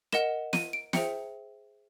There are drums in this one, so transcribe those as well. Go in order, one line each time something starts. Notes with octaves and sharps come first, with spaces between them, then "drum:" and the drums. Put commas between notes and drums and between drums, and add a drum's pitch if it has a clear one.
A#4 D#5 F#5 E7, drum: rim click
D#7, drum: snare
D7
G#4 C5 E5 G5 C#7, drum: snare